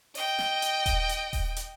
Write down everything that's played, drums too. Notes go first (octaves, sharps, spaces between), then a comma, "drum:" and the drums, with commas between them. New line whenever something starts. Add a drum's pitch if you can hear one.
D#5 G5, drum: open hi-hat
drum: snare
drum: hi-hat
drum: kick D#1, hi-hat
drum: hi-hat
drum: kick D#1, open hi-hat
drum: hi-hat